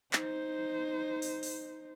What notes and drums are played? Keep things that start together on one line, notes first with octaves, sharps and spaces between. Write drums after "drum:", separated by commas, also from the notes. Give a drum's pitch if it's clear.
D#4 C5, drum: clap
drum: open hi-hat
drum: open hi-hat